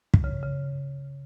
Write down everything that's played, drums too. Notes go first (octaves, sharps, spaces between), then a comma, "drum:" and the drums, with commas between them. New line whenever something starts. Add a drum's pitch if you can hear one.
drum: kick
C#3
C#3